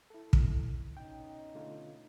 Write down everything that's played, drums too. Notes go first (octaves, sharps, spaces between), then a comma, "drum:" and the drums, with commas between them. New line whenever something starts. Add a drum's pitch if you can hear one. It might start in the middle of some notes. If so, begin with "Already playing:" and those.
E4 A4
drum: kick
B2 C#4 D#4 G5
D3 A3 F4